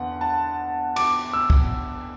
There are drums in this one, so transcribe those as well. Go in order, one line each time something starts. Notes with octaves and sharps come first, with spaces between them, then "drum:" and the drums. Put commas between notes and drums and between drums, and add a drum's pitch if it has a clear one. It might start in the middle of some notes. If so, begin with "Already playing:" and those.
Already playing: E2 D3 F#5
A5
D6, drum: cymbal
E6
drum: kick